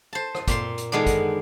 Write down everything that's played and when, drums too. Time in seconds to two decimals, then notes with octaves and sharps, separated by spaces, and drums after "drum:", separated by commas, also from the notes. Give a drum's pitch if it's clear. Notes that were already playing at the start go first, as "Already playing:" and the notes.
0.13 C5 A5
0.35 drum: rim click
0.48 A#2 C4 C6, drum: kick, hi-hat
0.78 drum: hi-hat
0.92 D3 D#3 G#3 B3 D4
1.06 drum: kick, hi-hat